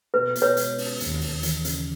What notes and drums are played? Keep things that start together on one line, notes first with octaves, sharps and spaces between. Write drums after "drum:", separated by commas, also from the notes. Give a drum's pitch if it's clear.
B2 B4
B2, drum: hi-hat
B4 C#5
G#3, drum: hi-hat
C#4, drum: open hi-hat
D#2, drum: hi-hat
D#2, drum: open hi-hat
E3, drum: hi-hat
C#3, drum: hi-hat